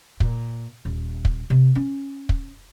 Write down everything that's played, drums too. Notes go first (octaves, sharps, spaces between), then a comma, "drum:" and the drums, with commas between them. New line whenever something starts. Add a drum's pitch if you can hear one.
A#2, drum: kick
D#1
drum: kick
C3
C#4
drum: kick